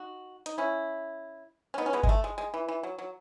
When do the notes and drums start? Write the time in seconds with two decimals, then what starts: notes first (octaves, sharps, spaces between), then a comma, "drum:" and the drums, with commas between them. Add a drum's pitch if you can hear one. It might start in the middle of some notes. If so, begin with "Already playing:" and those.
Already playing: D#4 F#4
0.46 D#4, drum: hi-hat
0.58 C#4 E4
1.74 C#4
1.78 B3 D#4
1.86 C#4
1.93 G#3 B3
2.03 G#3, drum: kick G1
2.09 A3
2.24 G#3
2.38 G#3
2.54 E3
2.68 E3
2.83 F#3
2.99 F#3